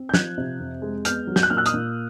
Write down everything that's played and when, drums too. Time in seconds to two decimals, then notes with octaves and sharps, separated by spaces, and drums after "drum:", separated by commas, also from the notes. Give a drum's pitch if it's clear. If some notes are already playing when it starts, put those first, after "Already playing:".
Already playing: C4
0.09 G6
0.14 F3 F#6 G#6, drum: snare
0.38 C3
0.59 F2
0.82 G#3
1.05 B3 F6 G6, drum: hi-hat
1.27 F#3
1.36 G6, drum: snare
1.43 F#6
1.50 A#2 F6
1.57 E6 F#6
1.66 D#6 F6, drum: hi-hat
1.74 A#2